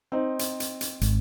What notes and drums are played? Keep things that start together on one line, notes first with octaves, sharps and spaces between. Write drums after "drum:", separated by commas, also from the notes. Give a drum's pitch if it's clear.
C4 D#4
drum: hi-hat
drum: hi-hat
drum: hi-hat
G#1, drum: hi-hat